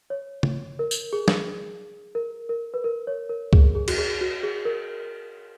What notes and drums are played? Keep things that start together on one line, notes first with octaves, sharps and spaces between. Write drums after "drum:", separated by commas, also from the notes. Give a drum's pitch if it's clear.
C#5
drum: tom C#3
A#4
drum: tambourine
G#4
drum: snare
A#4
A#4
B4
A#4
C#5
A#4
G#4, drum: kick C#2
G#4
F#4, drum: cymbal
G#4
F#4
G#4
A#4